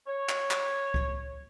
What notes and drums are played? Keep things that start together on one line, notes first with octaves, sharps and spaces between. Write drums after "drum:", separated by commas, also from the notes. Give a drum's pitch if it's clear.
C#5
drum: clap
drum: clap
drum: kick C#2